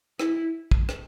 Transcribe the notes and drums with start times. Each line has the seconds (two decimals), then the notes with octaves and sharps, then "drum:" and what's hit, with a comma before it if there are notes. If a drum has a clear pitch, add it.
0.20 E4, drum: rim click
0.71 drum: kick
0.89 drum: rim click